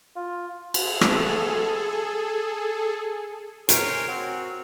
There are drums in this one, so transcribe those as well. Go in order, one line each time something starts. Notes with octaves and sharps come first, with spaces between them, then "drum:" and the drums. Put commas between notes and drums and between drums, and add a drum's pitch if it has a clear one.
F4
G#4 A4, drum: cymbal
drum: rim click
A#4 C#5 G5 G#5 C6, drum: hi-hat
C4 F#4